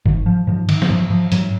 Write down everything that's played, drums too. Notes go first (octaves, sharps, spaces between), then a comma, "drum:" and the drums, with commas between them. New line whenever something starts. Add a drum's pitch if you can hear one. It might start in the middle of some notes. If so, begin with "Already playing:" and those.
G#2 D#3, drum: kick F#1
F3
G#2 F3
D#3, drum: cymbal
F#3, drum: snare
G#2 F3
F3
G#2 F#3, drum: hi-hat